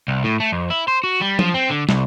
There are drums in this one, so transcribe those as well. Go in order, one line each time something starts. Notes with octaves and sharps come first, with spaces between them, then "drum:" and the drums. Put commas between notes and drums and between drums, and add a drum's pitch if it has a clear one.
C2
A2
A3
F2
E4
C5
F#4
G3
F3, drum: tom
C4
D3
C2, drum: snare